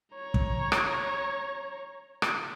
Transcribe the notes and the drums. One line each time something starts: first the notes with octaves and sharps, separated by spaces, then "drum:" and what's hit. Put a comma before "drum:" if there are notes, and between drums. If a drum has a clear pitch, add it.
C#5 A#5
drum: kick
drum: rim click
drum: rim click